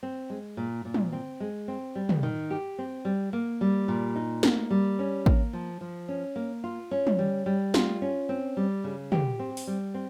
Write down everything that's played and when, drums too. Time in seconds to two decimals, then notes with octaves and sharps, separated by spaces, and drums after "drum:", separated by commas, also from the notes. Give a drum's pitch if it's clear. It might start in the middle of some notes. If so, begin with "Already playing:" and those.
0.03 C4
0.30 G#3
0.57 A#2
0.85 A#2
0.94 drum: tom
1.12 C4
1.40 G#3
1.68 C4
1.95 G3
2.09 drum: tom
2.23 D#3
2.50 G4
2.78 C4
3.05 G3
3.33 A#3
3.61 G3
3.88 A#2
4.16 D#4
4.43 A#3, drum: snare
4.70 G3
4.99 C#4
5.26 A#3, drum: kick A1
5.53 F3
5.81 F3
6.09 C#4
6.36 A#3
6.64 F4
6.91 C#4
7.07 drum: tom
7.19 G3
7.46 G3
7.74 F4, drum: snare
8.02 C#4
8.29 C4
8.57 G3
8.84 C#3
9.12 G4, drum: tom
9.39 C4
9.57 drum: open hi-hat
9.67 G3
9.94 C4